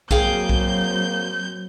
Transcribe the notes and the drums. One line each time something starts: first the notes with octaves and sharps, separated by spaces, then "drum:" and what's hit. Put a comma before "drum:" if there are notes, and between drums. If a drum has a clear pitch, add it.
F#3 A#3 C4 G#4 F5 G5 G6, drum: kick B1
drum: kick B1